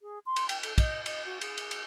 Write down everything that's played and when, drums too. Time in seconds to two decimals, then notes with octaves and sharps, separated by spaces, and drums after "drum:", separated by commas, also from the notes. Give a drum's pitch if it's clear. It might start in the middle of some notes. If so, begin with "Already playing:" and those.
0.02 G#4
0.26 C6
0.36 drum: cymbal
0.49 G5, drum: cymbal
0.63 A4, drum: cymbal
0.78 D#5, drum: kick, cymbal
1.06 D#5, drum: cymbal
1.26 F#4
1.41 G#4, drum: cymbal
1.58 drum: cymbal
1.71 drum: cymbal